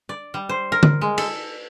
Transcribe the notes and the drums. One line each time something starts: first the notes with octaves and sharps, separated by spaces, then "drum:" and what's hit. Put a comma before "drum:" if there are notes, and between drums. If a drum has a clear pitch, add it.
D5
G3
C5
A#4
drum: tom D3
G#3
A4, drum: cymbal